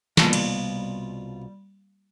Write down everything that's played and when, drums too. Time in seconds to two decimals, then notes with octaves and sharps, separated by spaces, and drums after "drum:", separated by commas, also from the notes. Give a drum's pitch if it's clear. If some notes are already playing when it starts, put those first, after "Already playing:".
0.17 C2 B2 G3 A#3 F4 A5 C#6, drum: snare
0.33 drum: cymbal